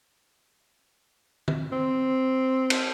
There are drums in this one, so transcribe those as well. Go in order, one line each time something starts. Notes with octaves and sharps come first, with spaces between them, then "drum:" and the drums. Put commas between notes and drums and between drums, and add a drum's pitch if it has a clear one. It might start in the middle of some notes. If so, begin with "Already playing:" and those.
drum: tom
C4
drum: cymbal